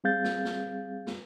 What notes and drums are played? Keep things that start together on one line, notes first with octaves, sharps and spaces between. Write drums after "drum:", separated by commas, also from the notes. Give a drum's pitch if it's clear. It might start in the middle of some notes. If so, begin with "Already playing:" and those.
G3 C4 G#4 F5 G6 A6
drum: snare
drum: snare
drum: snare